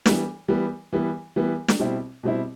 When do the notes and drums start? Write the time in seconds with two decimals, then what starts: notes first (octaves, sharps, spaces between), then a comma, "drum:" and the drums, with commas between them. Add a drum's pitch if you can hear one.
0.06 E3 G3 B3, drum: snare
0.48 E3 G3 B3
0.93 E3 G3 B3
1.36 E3 G3 B3
1.68 drum: snare
1.80 B2 G3 C4 E4
2.23 B2 G3 C4 E4